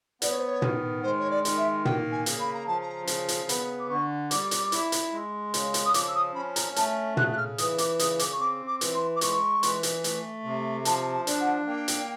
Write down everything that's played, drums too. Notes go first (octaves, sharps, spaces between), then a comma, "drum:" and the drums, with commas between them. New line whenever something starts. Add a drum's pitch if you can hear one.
B3 D5, drum: hi-hat
C#5
C5
C#5
D#3, drum: tom
G#3 C5
C#5
D5
D#3, drum: hi-hat
E5
A#3 G5, drum: tom
G#5
C#3, drum: hi-hat
B5
A#5
F3 A5
A#5
C#3, drum: hi-hat
drum: hi-hat
B3 B5, drum: hi-hat
D6
D3 C#6
G3 D6, drum: hi-hat
drum: hi-hat
E4, drum: hi-hat
drum: hi-hat
G#3
C#3, drum: hi-hat
drum: hi-hat
D#6
F3 D6, drum: hi-hat
E6
D#6
C#4 B5
A#5, drum: hi-hat
A3 A5, drum: hi-hat
C#3 F#6, drum: tom
F#6
F6
E3 D#6, drum: hi-hat
D6, drum: hi-hat
C#3 D#6, drum: hi-hat
D6, drum: hi-hat
C#6
C4 D6
D6
E3, drum: hi-hat
C6
D6
G#3 C#6, drum: hi-hat
E3, drum: hi-hat
drum: hi-hat
A3, drum: hi-hat
C3
F3 A5, drum: hi-hat
A5
D4, drum: hi-hat
F#5
A#3 G5
drum: hi-hat